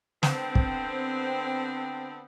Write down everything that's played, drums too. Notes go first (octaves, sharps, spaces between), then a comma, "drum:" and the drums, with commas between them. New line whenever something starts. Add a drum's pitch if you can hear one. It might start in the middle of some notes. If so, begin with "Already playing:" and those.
D3 B3 C4, drum: snare
drum: kick